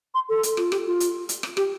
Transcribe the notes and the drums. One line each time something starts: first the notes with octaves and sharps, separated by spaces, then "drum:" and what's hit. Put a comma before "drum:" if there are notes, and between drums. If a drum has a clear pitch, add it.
C6
A4
drum: hi-hat
F4, drum: rim click
G4, drum: rim click
F4
drum: hi-hat
drum: hi-hat
drum: rim click
G4, drum: rim click